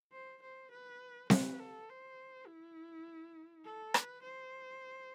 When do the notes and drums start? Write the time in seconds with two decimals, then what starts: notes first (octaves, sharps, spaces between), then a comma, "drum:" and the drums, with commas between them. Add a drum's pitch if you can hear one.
0.13 C5
0.43 C5
0.71 B4
1.30 B4, drum: snare C4
1.59 A4
1.89 C5
2.47 E4
3.64 A4
3.94 B4, drum: rim click
4.23 C5